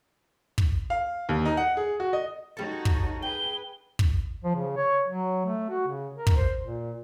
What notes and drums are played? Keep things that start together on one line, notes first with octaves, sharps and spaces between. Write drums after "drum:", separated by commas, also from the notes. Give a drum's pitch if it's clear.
drum: kick
F5
D#2
D#4
F#5
G#4
F#4
D#5
G3 D#4 F#4 A4 C#5
drum: kick
G#4 B4 G5 G7
drum: kick
F3
C#3
C#5
F#3
A3
F#4
C#3
A#4
drum: kick
C5
A#2